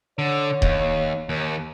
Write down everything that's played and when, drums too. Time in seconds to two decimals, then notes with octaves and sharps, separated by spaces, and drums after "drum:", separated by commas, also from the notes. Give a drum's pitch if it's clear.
0.19 D3 C#5
0.62 D#2, drum: kick D#1
1.29 D#2